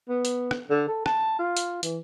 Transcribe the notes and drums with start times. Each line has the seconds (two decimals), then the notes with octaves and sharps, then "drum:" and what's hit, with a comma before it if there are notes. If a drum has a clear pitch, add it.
0.09 B3
0.25 drum: hi-hat
0.51 drum: rim click
0.71 D3
0.88 A4
1.06 A5, drum: rim click
1.39 F4
1.57 drum: hi-hat
1.83 E3, drum: hi-hat